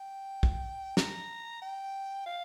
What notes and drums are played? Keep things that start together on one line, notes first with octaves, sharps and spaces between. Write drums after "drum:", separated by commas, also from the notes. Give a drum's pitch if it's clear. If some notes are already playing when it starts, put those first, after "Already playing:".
Already playing: G5
drum: kick
A#5, drum: snare
G5
F5